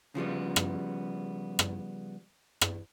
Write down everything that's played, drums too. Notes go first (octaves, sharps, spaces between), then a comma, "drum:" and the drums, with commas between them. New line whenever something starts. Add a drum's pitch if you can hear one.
C#3 F3 G3 B3
drum: rim click
drum: rim click
drum: rim click